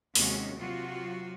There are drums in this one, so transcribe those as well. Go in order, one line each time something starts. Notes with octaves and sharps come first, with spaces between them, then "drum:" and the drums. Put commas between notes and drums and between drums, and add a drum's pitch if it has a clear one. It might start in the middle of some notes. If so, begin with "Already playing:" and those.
D#2 C3 G#3 C#4 F#4, drum: open hi-hat
C3 F#3 F4 F#4